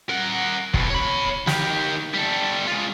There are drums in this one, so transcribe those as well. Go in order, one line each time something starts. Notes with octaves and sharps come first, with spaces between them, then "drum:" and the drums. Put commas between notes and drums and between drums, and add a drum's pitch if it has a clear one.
A#4 F#5
F2 B2, drum: kick
C#5 B5
D#3 G4, drum: snare
G3 A4
G#3 F4